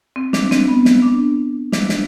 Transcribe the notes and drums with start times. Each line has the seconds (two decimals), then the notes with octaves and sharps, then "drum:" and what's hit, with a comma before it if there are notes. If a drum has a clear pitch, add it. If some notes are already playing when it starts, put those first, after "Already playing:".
0.16 C4
0.33 D4, drum: snare
0.51 C4, drum: snare
0.68 B3
0.85 drum: snare
1.02 D4
1.72 D4, drum: snare
1.89 drum: snare